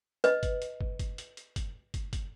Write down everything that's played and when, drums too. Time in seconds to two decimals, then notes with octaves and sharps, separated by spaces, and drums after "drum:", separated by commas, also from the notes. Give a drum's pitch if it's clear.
0.24 B4 D#5, drum: hi-hat
0.43 drum: kick, hi-hat
0.62 drum: hi-hat
0.81 drum: kick
0.99 drum: kick, hi-hat
1.18 drum: hi-hat
1.37 drum: hi-hat
1.56 drum: kick, hi-hat
1.94 drum: kick, hi-hat
2.13 drum: kick, hi-hat